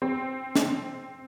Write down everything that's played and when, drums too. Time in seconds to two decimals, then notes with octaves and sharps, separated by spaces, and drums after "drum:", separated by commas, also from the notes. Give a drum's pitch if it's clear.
0.02 C4
0.56 drum: snare